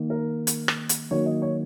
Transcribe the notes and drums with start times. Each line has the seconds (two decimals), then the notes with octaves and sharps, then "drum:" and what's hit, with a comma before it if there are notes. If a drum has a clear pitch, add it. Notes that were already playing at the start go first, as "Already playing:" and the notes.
Already playing: D#3 A#3
0.10 A#4
0.47 drum: hi-hat
0.68 drum: rim click
0.89 drum: hi-hat
1.11 D#3 F#3 A#3 C#5
1.26 D#5
1.42 C#5